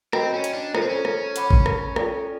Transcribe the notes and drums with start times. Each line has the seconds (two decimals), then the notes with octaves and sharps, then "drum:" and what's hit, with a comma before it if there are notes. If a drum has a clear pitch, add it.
0.13 C4 F#4 B4 D#5 G5 A#5, drum: rim click
0.34 C#4
0.44 drum: hi-hat
0.54 D4
0.75 C#4 F4 A4 C5, drum: rim click
0.82 C4
0.89 C#4
1.05 drum: rim click
1.36 C#5 F#5 B5 D6, drum: hi-hat
1.51 drum: kick G#1
1.66 drum: rim click
1.96 F4 A4 D5 G5, drum: rim click